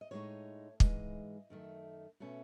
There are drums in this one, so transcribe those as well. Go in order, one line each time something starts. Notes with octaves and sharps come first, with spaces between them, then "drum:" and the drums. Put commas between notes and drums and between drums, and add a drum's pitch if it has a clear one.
D#5
A2 G#3 D#4 C#5
G#2 E3 G#3 D#5, drum: kick
F#2 D#3 A3
B2 A3 C#4